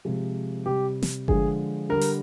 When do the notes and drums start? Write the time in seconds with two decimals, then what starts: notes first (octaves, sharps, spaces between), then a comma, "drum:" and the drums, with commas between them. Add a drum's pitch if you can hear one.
0.05 C3 F3 G#3
0.66 C3 G3 G4
1.03 drum: snare
1.28 D3 F3 G#3 G#4, drum: kick G1
1.89 D3 G3 A#4
2.01 drum: open hi-hat